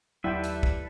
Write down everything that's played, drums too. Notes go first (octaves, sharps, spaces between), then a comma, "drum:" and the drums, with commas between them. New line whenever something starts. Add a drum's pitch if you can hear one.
D#2 F#3 G3 E4 A4 B4 E5 G5
drum: hi-hat
drum: kick